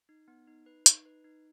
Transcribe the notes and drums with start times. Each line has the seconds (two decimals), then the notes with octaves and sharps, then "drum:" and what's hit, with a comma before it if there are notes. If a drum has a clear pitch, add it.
0.09 D#4
0.28 B3
0.48 D#4
0.66 B4
0.86 D#4, drum: hi-hat
1.06 B4
1.24 D#4